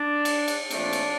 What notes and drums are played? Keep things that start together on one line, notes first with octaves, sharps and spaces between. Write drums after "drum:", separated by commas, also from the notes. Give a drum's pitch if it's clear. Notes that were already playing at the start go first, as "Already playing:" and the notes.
Already playing: D4
drum: cymbal
drum: cymbal
A#2 F3 A3 C4 D4, drum: cymbal
drum: cymbal